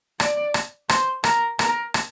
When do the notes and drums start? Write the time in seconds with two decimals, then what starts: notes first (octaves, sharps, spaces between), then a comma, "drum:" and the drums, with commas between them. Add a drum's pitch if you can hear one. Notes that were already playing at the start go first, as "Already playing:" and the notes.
0.20 D5, drum: rim click
0.54 drum: rim click
0.89 C5, drum: rim click
1.24 A#4, drum: rim click
1.59 A#4, drum: rim click
1.94 drum: rim click